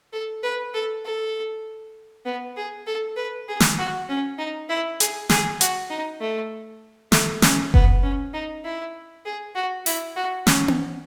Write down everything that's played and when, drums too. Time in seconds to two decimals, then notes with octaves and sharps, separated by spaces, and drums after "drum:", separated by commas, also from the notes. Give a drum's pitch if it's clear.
0.13 A4
0.43 B4
0.74 A4
1.05 A4
2.26 B3
2.57 G#4
2.87 A4
3.17 B4
3.48 G#4
3.60 drum: snare
3.79 F#4
4.09 C#4
4.38 D#4
4.69 E4
5.00 G#4, drum: hi-hat
5.29 G#4, drum: snare
5.61 F#4, drum: hi-hat
5.90 D#4
6.21 A3
7.12 A3, drum: snare
7.42 C#4, drum: snare
7.74 B3, drum: kick F#1
8.03 C#4
8.33 D#4
8.64 E4
9.26 G#4
9.55 F#4
9.86 E4, drum: open hi-hat
10.16 F#4
10.47 C#4, drum: snare
10.68 drum: tom B3